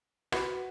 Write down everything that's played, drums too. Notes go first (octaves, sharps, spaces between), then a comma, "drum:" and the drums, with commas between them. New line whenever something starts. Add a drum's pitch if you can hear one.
F#4 B4, drum: rim click